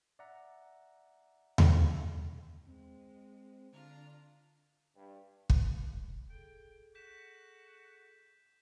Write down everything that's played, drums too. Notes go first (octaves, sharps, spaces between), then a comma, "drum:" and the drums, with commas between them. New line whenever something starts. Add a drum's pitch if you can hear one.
D5 E5 F#5 A#5
drum: tom D#2
G#3 C4
D3 D4 F4 A#5
G2
drum: kick
G#4 A4 G5
F#4 G6 B6 E7